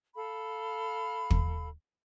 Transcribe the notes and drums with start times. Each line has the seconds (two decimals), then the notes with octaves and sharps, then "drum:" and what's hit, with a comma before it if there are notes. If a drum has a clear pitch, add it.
0.15 A4 F5 B5
1.30 drum: kick